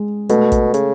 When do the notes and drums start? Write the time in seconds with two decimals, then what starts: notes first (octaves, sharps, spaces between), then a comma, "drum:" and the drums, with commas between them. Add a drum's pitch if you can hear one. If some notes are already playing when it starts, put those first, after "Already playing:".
Already playing: G#3
0.29 B2 A3, drum: hi-hat
0.52 drum: kick, hi-hat
0.74 C#3, drum: hi-hat